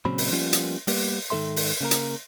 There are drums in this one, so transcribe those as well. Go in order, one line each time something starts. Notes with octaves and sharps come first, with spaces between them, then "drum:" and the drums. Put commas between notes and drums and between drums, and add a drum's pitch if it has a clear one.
A#2 C#3 F#3 C4 B5
drum: open hi-hat
F3 G3 A#3 B3 C#4 F4
drum: hi-hat
G3 A#3 B3 G4 B4, drum: open hi-hat
G#2 D#3 F#3 A4 E5 C6
drum: open hi-hat
C#3 A#3 A#4
drum: hi-hat